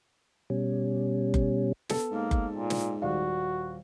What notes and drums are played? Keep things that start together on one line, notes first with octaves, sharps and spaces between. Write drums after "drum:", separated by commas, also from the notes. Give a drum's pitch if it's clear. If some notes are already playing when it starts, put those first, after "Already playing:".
B2 G3 C#4
drum: kick F#1
B3 A4, drum: snare
G#2 A#3
drum: kick F#1
A#2
drum: snare
D#1 F#4 D5 F5